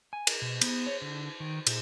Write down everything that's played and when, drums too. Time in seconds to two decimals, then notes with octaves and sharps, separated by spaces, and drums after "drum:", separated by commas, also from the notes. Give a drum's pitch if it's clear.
0.13 G#5
0.27 A#4, drum: cymbal
0.42 B2
0.61 B3, drum: cymbal
0.87 C#5
1.02 D3
1.40 D#3
1.67 A#2, drum: cymbal